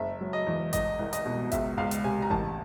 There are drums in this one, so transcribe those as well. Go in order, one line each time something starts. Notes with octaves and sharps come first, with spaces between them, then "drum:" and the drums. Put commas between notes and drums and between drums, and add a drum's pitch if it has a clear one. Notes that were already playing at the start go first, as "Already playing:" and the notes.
Already playing: F#1 E5
F#3
D#5
E2
C2 D#5, drum: kick G#1, hi-hat
C2
D#5, drum: hi-hat
B2
C#2 E5, drum: kick G#1, hi-hat
C#2 F5
drum: hi-hat
C3 G#5
A#5
A1 A5, drum: kick G#1